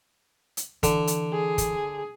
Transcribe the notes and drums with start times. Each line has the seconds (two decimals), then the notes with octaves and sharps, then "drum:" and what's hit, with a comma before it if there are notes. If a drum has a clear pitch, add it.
0.57 drum: hi-hat
0.83 D3 E3, drum: kick, hi-hat
1.07 drum: hi-hat
1.33 G#4
1.58 drum: kick, hi-hat